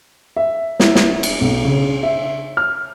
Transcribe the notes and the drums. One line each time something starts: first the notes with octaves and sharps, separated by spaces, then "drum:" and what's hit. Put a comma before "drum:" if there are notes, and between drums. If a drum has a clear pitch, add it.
E5
E4, drum: snare
drum: snare
drum: cymbal
B1
C#3
E5
F6